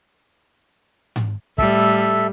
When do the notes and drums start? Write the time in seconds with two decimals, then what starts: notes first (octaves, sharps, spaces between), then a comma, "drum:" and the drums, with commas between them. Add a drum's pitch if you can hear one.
1.16 drum: tom G#2
1.58 A2 G3 A4 E5, drum: kick